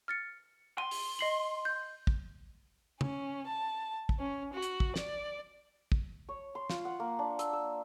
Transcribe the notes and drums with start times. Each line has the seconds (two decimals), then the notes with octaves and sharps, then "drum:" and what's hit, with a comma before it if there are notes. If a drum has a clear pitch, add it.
0.08 F6 A6 C#7
0.78 C6 D#7
0.91 drum: open hi-hat
1.19 D#5 C7 F#7
1.65 G6
2.07 drum: kick
3.01 C#4, drum: tom
3.47 A5
4.09 drum: kick
4.18 C#4
4.53 F#4
4.62 drum: hi-hat
4.80 drum: kick
4.96 D5, drum: snare
5.92 drum: kick
6.29 C#5
6.55 C6
6.69 F4, drum: snare
6.85 F#5
7.00 A#3
7.19 D4
7.39 E6, drum: hi-hat
7.53 E6